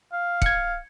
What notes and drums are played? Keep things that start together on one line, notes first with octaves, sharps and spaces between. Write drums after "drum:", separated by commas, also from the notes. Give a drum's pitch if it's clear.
F5
G#6 C#7, drum: kick